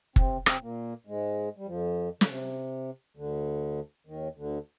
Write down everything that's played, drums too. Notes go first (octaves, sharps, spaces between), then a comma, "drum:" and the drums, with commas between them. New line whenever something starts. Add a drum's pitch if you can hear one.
C3 C4, drum: kick F#1
C3 C4, drum: rim click
A#2 A#3
G#2 G#3
G3
F2 F3
D3, drum: snare
C3
D2 D3
D#2 D#3
D2 D3